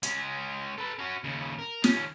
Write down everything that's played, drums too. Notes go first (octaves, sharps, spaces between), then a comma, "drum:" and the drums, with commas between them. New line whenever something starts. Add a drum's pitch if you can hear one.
G#3 C#4, drum: hi-hat
A4 B4
C#4 F#4
D#2 C#3
A#4
D#2 C#4, drum: snare